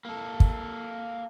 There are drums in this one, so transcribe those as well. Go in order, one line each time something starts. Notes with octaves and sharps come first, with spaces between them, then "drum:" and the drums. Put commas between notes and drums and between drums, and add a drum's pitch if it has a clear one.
A#3 A4
drum: kick